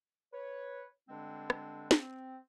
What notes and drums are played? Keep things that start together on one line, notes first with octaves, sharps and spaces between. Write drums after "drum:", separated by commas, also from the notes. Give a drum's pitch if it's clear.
B4 C#5
G2 D3 G#3 C4 D4
drum: rim click
C4, drum: snare